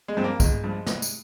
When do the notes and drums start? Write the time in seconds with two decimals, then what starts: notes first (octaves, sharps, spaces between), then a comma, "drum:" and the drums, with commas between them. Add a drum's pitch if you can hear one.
0.08 G#3
0.17 G2 F3 C4
0.24 A#3
0.40 G1 G#3, drum: kick, tambourine
0.63 G2 F3
0.87 C2, drum: snare
1.02 drum: tambourine